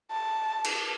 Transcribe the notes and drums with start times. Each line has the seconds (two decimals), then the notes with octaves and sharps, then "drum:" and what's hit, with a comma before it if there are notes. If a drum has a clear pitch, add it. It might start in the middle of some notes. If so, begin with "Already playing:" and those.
0.11 A5
0.64 drum: cymbal